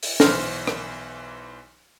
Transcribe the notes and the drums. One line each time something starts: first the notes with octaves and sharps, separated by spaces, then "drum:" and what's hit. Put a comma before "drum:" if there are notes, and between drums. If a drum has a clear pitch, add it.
drum: open hi-hat
B1 E3 C5 F6 A#6, drum: snare
drum: rim click